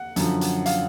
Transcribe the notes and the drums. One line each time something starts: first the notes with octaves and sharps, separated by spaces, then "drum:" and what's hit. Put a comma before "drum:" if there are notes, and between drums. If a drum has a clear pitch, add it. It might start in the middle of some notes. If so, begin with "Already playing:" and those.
Already playing: F#5
F#2 D3 F3, drum: hi-hat
drum: hi-hat
F5, drum: hi-hat